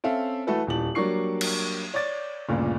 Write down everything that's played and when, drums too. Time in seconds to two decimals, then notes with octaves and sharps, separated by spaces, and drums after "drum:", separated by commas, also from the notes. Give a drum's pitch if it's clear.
0.04 C4 C#4 A4 E5 F5
0.47 E3 A3 F#4 A4 B4
0.67 D#1 E2 G4 A5 F#7
0.95 F#3 G3 A#3 D4 C#6 C7
1.41 drum: cymbal
1.94 C#5 D5 D6 A6
2.48 G1 D2 A#2 C#3